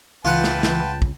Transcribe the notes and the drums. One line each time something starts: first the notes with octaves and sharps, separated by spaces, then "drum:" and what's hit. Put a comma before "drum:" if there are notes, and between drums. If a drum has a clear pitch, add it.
C#2 E3 F4 B4 F#5 G5 A5
drum: snare
drum: snare
drum: kick